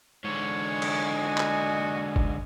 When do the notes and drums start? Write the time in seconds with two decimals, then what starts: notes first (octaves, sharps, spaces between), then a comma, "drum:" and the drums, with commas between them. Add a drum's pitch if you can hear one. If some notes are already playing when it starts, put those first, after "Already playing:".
0.25 G#2 D3 C#5
0.67 D#5 G#5
0.82 drum: cymbal
1.22 F#4
1.38 drum: clap
2.16 drum: kick